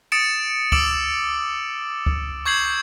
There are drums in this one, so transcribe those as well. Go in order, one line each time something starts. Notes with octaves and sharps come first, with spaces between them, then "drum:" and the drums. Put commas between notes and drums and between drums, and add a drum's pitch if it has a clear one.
D#6 A6 C#7 D7 E7
D6 E6 D7 E7 F#7, drum: kick C#2
drum: kick C#2
C#6 G6 G#6 C7 F#7